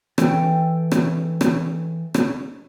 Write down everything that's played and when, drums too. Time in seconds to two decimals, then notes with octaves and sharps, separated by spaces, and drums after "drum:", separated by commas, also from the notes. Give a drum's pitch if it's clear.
0.18 E3 A4 G5, drum: rim click
0.92 drum: rim click
1.41 drum: rim click
2.14 drum: rim click